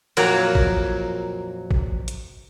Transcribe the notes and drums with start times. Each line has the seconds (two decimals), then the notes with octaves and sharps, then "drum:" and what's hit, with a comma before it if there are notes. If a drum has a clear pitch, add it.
0.17 F2 A#2 F#3 A#4, drum: cymbal
0.55 drum: kick
1.71 drum: kick
2.08 drum: hi-hat